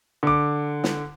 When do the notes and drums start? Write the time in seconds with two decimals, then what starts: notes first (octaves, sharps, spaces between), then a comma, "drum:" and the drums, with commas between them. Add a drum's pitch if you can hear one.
0.23 D3 D6
0.84 drum: snare